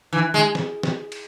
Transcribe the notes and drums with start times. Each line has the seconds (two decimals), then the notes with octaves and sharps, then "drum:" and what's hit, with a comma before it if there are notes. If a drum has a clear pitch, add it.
0.13 E3
0.34 G#3
0.55 drum: snare
0.83 drum: snare
1.12 drum: cymbal